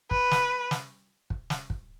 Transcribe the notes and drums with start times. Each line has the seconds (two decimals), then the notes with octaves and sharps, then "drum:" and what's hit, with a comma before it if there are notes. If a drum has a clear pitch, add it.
0.11 B4, drum: kick
0.31 drum: snare
0.71 drum: snare
1.30 drum: kick
1.50 drum: snare
1.70 drum: kick